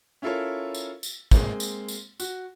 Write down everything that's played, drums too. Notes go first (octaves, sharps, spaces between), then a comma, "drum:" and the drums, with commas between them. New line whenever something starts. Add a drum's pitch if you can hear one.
C#4 E4 F4 A4 A#4 C#5
drum: tambourine
drum: tambourine
G#3 A#3 C4, drum: kick, tambourine
drum: tambourine
drum: tambourine
F#4, drum: tambourine